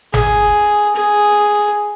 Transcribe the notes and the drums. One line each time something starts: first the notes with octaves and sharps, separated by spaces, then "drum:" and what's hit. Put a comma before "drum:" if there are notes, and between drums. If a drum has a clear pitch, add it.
G#4, drum: tom G1
G#4